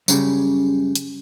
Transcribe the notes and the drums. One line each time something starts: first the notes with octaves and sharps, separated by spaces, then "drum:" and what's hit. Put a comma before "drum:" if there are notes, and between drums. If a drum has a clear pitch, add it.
F#2 C#3 G3, drum: tambourine
drum: hi-hat